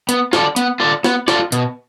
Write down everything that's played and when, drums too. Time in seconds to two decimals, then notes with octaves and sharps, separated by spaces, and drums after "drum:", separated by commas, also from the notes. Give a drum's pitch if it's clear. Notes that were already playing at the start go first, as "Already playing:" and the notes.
0.09 B3, drum: hi-hat
0.33 F4 A4 D5, drum: snare
0.56 B3, drum: hi-hat
0.80 F4 A4 D5
1.04 B3, drum: snare
1.28 F4 A4 D5, drum: snare
1.52 B2, drum: hi-hat